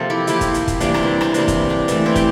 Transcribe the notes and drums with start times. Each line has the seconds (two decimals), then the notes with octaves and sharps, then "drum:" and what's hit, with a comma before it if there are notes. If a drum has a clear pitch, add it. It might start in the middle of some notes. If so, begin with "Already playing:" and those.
Already playing: C3 F3 A#3 A4
0.10 E4 G4
0.27 C3 F3 A#3 E4 G4, drum: hi-hat
0.41 drum: kick, hi-hat
0.54 drum: hi-hat
0.68 drum: kick, hi-hat
0.80 C3 E3 G3 A#3 D4, drum: hi-hat
0.94 C4, drum: rim click
1.03 D4 E4
1.21 C4 E4, drum: rim click
1.34 C3 E3 G3 A#3 D4, drum: hi-hat
1.48 drum: kick, hi-hat
1.70 D4
1.88 E3 A3, drum: hi-hat
2.06 C4 E4
2.16 G4, drum: kick, hi-hat